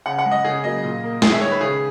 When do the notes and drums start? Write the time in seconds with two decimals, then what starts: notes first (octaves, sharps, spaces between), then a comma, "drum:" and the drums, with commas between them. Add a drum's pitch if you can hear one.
0.06 C#3 F#5
0.19 F#5
0.25 G#3
0.32 D#5
0.44 C#3 G#4
0.64 F#3 A#3 D#5
0.84 A#2
1.03 A#3
1.22 D#3 G#4, drum: snare
1.31 E5
1.41 G#3 C#5
1.51 B4
1.61 C#3 G#4